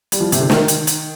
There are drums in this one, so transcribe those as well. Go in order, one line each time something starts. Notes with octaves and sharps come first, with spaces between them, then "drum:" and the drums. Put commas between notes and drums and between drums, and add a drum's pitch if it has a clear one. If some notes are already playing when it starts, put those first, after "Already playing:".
G3, drum: hi-hat
F3
C3, drum: hi-hat
D3
D#3, drum: snare
drum: hi-hat
drum: hi-hat